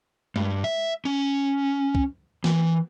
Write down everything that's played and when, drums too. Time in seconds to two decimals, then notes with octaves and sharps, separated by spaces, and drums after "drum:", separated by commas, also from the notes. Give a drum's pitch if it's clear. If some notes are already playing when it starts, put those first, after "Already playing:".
0.36 G2, drum: tom G#3
0.64 E5
1.05 C#4
1.95 drum: kick
2.44 E3, drum: snare